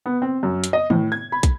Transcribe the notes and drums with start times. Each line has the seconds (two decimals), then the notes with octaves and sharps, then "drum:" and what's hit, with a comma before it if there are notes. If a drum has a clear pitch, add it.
0.06 B3
0.22 C4
0.43 F#2
0.64 drum: hi-hat
0.73 D#5
0.90 A2, drum: tom D#3
1.12 G#6
1.32 B5
1.43 drum: kick, hi-hat